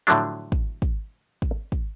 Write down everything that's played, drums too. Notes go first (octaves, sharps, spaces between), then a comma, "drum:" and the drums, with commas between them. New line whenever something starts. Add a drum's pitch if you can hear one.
A2 D3 F3 F#3 D4
drum: kick
drum: kick
drum: kick
drum: kick